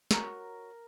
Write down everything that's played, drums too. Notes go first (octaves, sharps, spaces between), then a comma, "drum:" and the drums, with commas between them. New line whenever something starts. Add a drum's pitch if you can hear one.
F#4 A#4 C#5 A#5, drum: snare